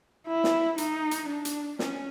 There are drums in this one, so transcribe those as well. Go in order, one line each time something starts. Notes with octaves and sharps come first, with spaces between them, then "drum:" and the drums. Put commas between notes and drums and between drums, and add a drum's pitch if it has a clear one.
E4
drum: snare
D#4, drum: hi-hat
drum: hi-hat
D4
drum: hi-hat
C#4, drum: snare